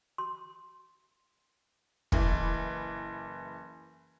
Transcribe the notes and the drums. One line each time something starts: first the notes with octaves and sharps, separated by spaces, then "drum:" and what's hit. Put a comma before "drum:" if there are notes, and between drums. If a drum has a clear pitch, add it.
C6
F#1 E3, drum: kick